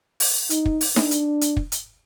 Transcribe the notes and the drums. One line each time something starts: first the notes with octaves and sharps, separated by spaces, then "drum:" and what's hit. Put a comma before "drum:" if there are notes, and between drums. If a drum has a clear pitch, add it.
drum: open hi-hat
D#4, drum: hi-hat
drum: kick
drum: open hi-hat
D4, drum: snare D#4
drum: hi-hat
drum: hi-hat
drum: kick
drum: hi-hat